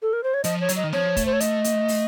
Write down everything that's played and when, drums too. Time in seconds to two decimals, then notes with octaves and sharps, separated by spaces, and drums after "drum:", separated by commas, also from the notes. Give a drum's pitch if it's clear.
0.02 A4
0.13 A#4
0.23 C5
0.34 C#5
0.44 F3 D#5, drum: hi-hat
0.60 C#5
0.69 F#3, drum: hi-hat
0.76 D#5
0.84 D#3
0.93 F3 C#5, drum: snare
1.17 A3, drum: kick, hi-hat
1.25 C5
1.33 C#5
1.40 D#5, drum: hi-hat
1.64 drum: hi-hat
1.88 drum: open hi-hat